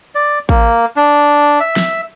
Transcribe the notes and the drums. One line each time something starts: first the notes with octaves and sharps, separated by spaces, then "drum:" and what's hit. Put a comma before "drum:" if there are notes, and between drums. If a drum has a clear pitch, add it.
D5
A#3, drum: kick A1
D4
E5
drum: snare